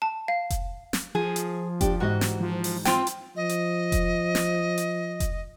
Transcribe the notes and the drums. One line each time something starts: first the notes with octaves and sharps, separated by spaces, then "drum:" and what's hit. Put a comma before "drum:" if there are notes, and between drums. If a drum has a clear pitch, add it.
A5
F5
drum: kick F1, hi-hat
drum: snare
F3 G#4
drum: hi-hat
D4 G4, drum: kick F1, hi-hat
G#2 E3 F#4 D#5
drum: snare
F3
drum: open hi-hat
C4 F4 G5, drum: snare
drum: hi-hat
F3 D#5
drum: hi-hat
drum: kick F1, hi-hat
drum: snare
drum: hi-hat
drum: kick F1, hi-hat